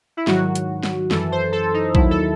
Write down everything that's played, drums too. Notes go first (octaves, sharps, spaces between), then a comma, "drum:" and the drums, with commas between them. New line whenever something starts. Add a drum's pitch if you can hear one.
E4
G#2 D#3 F#3 F#4, drum: snare
drum: hi-hat
drum: snare
F#2 E3 A4, drum: snare
C5
A4
D#4
D#2 D#3 F#3 E4, drum: kick A#1
A4